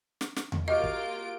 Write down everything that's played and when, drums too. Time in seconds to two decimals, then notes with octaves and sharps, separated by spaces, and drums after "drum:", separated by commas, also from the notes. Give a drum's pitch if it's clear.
0.21 drum: snare
0.36 drum: snare
0.52 drum: tom E2
0.68 F#3 A#3 F4 G4 D#5 F5 D7
0.83 drum: kick